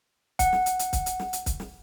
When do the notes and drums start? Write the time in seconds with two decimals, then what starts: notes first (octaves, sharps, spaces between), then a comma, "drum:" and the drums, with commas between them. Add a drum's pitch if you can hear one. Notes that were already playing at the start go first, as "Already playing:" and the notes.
0.39 F#5, drum: kick, hi-hat
0.53 drum: snare
0.66 drum: hi-hat
0.79 drum: hi-hat
0.93 drum: kick, hi-hat
1.06 drum: hi-hat
1.19 drum: snare
1.33 drum: hi-hat
1.46 drum: kick, hi-hat
1.60 drum: snare